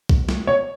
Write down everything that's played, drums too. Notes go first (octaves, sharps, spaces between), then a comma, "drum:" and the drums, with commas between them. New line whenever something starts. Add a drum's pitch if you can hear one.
drum: kick B1
drum: snare
C#5